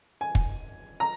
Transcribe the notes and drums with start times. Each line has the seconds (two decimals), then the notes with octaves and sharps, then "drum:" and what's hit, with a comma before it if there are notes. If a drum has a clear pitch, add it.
0.21 G#5
0.35 drum: kick
1.00 A#5